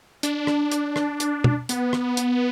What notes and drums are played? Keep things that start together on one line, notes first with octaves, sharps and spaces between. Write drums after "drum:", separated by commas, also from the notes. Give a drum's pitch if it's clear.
D4, drum: hi-hat
drum: rim click
drum: hi-hat
drum: rim click
drum: hi-hat
drum: tom
B3, drum: hi-hat
drum: rim click
drum: hi-hat